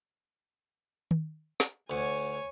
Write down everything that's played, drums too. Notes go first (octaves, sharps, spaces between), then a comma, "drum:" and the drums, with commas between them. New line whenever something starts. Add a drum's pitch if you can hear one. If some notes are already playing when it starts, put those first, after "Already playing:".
drum: tom D#3
drum: snare
D2 F#4 C#5 G#5